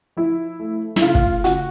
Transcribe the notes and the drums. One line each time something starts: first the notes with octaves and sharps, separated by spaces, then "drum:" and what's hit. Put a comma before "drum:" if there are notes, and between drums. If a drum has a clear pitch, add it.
F3 E4
A3
E4, drum: snare
C#3 F4
drum: kick
C#3 F#4, drum: hi-hat